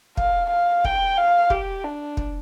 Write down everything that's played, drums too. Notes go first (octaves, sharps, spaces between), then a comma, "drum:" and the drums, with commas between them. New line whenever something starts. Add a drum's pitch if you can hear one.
F5, drum: kick
F5
G5, drum: kick
F5
G4, drum: kick
D4
drum: kick